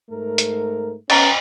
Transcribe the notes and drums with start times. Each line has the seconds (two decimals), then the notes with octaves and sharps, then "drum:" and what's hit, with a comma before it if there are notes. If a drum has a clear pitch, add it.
0.10 G#2 A3 A#4
0.38 drum: hi-hat
1.10 B3 C#4 A#5 A6, drum: cymbal